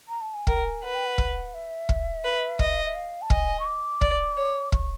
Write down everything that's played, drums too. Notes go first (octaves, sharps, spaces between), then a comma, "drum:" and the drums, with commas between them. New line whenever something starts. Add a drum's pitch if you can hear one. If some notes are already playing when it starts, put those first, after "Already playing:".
A#5
A5
G#5
A#4 G5, drum: kick
G#5
B4 F#5
G5
F#5
drum: kick
E5
drum: kick
B4
D#5, drum: kick
E5
F5
A5
D#5 G#5, drum: kick
C#6
D6
D5, drum: kick
C#5
C#6, drum: kick